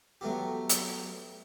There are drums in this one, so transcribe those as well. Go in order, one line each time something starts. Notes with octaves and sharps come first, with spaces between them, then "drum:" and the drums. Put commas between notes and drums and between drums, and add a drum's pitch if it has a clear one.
F#3 A3 B3 G4
drum: hi-hat